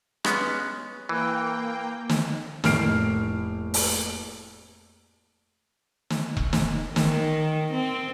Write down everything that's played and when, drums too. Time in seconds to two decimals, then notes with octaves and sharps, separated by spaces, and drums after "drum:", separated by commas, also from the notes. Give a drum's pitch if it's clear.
0.25 G#3 B3 C#4, drum: rim click
1.09 E3 A#3 G5
2.09 drum: snare
2.64 F1 A2 A#3 F6 C7 D7, drum: snare
3.74 drum: open hi-hat
6.10 drum: snare
6.37 drum: kick E1
6.53 drum: snare
6.96 D#3, drum: snare
7.72 C4